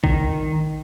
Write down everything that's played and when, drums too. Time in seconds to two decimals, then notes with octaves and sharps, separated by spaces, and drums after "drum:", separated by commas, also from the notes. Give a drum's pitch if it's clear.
0.04 D#3, drum: kick